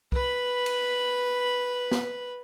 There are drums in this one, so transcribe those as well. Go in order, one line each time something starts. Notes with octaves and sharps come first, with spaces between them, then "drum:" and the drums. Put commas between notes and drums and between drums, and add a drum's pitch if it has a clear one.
B4 B5, drum: kick
drum: cymbal
drum: snare